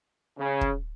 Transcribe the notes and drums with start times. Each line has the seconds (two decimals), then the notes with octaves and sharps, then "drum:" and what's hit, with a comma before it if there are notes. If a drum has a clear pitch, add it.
0.38 C#3
0.61 drum: kick